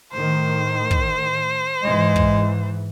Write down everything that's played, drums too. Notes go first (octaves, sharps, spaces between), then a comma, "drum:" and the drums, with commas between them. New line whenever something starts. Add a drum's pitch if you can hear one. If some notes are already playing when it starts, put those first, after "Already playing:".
A2 D#3 C5
drum: kick
G#2 E3 G#3
drum: kick